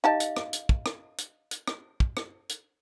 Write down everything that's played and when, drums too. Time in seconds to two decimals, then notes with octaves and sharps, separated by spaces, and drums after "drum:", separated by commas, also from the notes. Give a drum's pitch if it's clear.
0.04 D#4 G4 D#5 F5 A5
0.20 drum: hi-hat
0.37 drum: rim click
0.53 drum: hi-hat
0.69 drum: kick
0.86 drum: rim click
1.18 drum: hi-hat
1.51 drum: hi-hat
1.68 drum: rim click
2.00 drum: kick
2.17 drum: rim click
2.49 drum: hi-hat